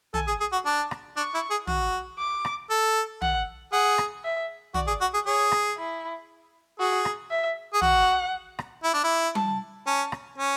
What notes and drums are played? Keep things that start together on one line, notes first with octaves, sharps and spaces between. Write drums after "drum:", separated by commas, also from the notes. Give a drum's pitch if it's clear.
A4 G#5, drum: tom
G#4
G#4
F#4
D4 A5
drum: rim click
D4 C#6
E4
G#4
F#4, drum: tom
D6
drum: rim click
A4
F#5, drum: tom
G#4 F#5
drum: rim click
E5
F#4 D5, drum: tom
G#4
F#4
G#4
G#4 C#5
drum: rim click
E4
F#4 G#4
drum: rim click
E5
G#4
F#4 F#5, drum: tom
drum: rim click
E4
D4
E4
A5, drum: tom G3
C#4 A5
drum: rim click
C#4